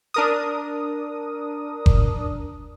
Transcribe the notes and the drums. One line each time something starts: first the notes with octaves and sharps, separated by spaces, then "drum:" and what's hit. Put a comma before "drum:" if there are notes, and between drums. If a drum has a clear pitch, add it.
D4 A#4 D#6
drum: kick F#1